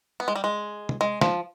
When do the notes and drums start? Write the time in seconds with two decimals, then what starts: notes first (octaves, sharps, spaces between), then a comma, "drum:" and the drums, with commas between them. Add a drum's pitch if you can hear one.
0.20 B3
0.28 G#3
0.36 G3
0.44 G#3
0.89 drum: tom
1.01 G#3
1.21 F3, drum: snare